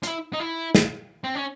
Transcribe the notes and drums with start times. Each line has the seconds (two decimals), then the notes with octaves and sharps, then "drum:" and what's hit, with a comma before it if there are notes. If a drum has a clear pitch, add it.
0.03 F4, drum: hi-hat
0.07 E4
0.33 D#4
0.40 E4
0.75 drum: snare
1.24 C4
1.35 C#4